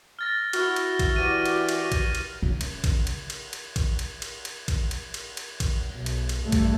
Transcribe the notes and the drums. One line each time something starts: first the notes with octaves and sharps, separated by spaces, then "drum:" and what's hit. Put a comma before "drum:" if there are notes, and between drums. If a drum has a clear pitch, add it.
F6 A6 A#6
E4 F#4 F6, drum: cymbal
drum: cymbal
drum: kick, cymbal
E3 G4 D5 A#6 D#7
drum: cymbal
drum: cymbal
drum: kick, cymbal
drum: cymbal
C#3
drum: cymbal
drum: kick, cymbal
drum: cymbal
drum: cymbal
drum: cymbal
drum: kick, cymbal
drum: cymbal
drum: cymbal
drum: cymbal
drum: kick, cymbal
drum: cymbal
drum: cymbal
drum: cymbal
drum: kick, cymbal
B1
drum: cymbal
drum: cymbal
G2 A3
drum: kick, cymbal